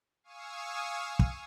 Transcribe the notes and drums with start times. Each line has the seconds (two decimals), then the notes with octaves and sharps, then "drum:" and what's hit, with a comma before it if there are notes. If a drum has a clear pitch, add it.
0.23 F5 G#5 C#6 D#6 E6
1.19 drum: kick